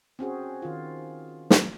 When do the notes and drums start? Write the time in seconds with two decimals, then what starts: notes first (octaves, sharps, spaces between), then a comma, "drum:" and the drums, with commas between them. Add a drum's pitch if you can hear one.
0.19 C4 C#4 F#4 G#4
0.62 D#3 F4
1.50 drum: snare